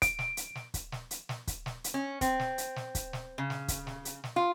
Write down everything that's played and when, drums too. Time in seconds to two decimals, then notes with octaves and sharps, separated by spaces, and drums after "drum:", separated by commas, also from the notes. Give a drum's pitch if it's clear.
0.02 D7, drum: kick, hi-hat
0.19 drum: snare
0.37 drum: hi-hat
0.55 drum: snare
0.74 drum: kick, hi-hat
0.92 drum: snare
1.11 drum: hi-hat
1.29 drum: snare
1.47 drum: kick, hi-hat
1.66 drum: snare
1.84 drum: hi-hat
1.94 C#4
2.21 C4, drum: kick, hi-hat
2.39 drum: snare
2.58 drum: hi-hat
2.76 drum: snare
2.95 drum: kick, hi-hat
3.13 drum: snare
3.38 C#3
3.50 drum: snare
3.68 drum: kick, hi-hat
3.87 drum: snare
4.05 drum: hi-hat
4.24 drum: snare
4.36 F4